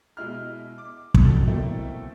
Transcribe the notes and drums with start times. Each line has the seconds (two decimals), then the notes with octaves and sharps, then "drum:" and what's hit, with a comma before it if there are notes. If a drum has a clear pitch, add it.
0.17 B2 G#3 E4 F6
0.78 D6
1.14 drum: kick
1.23 D#3 F#3 A4
1.47 B2 A3 A#3 C4 E4 A4